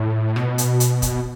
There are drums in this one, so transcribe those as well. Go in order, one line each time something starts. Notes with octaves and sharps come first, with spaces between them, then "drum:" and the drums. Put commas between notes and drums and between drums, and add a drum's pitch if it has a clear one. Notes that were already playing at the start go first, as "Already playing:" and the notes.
Already playing: A2
B2, drum: rim click
drum: hi-hat
drum: hi-hat
drum: kick, hi-hat